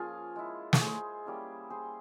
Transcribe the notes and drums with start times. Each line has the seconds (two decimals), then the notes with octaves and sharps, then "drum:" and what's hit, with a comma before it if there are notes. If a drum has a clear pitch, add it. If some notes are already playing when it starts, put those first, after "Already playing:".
Already playing: F3 A#3 C#4 F4 G#4
0.36 G#3 E4
0.73 C#5, drum: snare
0.81 G#4 C5
1.26 G3 A#3 C#4 E4
1.70 G#4 C5